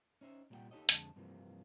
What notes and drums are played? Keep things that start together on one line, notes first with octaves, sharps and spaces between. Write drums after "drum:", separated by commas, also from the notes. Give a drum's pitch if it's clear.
C#4 D#4 C5 E5
C2 A#2 G3 F4 F#5 G5
D#4 F4 G4 A4 C#5 D#5
F2 D3 G#3 A5, drum: hi-hat
G2 C3 E3 F3 A#3